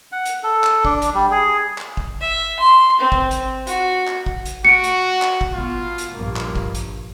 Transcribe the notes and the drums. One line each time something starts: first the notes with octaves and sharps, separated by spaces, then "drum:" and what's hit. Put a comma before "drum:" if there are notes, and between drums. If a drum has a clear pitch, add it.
F#5
drum: hi-hat
A4
drum: clap
D4, drum: kick
drum: hi-hat
G3
G#4
drum: clap
drum: kick
E5
C6
C4
drum: kick
drum: hi-hat
F#4, drum: hi-hat
drum: clap
drum: kick
drum: hi-hat
F#4 C#7 D7
drum: hi-hat
drum: clap
drum: kick
B2 F4
drum: hi-hat
A#1 G2 A#3
drum: clap
drum: kick
drum: hi-hat